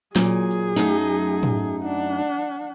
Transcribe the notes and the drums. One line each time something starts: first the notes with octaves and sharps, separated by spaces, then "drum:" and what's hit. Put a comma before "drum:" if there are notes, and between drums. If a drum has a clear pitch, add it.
A#2 F#3 G#4, drum: snare
drum: hi-hat
F#2 A3 D#4
drum: tom
D4 F#5